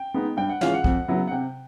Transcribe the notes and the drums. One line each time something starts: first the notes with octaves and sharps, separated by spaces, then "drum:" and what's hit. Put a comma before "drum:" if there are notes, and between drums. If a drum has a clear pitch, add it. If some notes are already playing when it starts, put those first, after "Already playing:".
Already playing: G5
G#3 B3 D#4
G2 G5
F#5
E3 G#3 C#4 F4 F5, drum: snare
F#5
F2, drum: kick
C#3 F#3 B3 E4
F#5
C3 G5